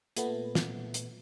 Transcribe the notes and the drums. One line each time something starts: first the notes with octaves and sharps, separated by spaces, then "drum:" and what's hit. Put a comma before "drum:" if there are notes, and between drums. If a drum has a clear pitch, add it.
A#2 A3 B3, drum: hi-hat
drum: snare
drum: hi-hat